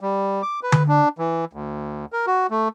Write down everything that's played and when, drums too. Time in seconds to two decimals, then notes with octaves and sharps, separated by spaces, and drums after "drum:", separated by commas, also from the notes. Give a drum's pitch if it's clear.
0.01 G3
0.42 D6
0.63 B4
0.72 drum: tom D3
0.88 D4
1.18 E3
1.53 D2
2.13 A#4
2.27 F#4
2.50 A3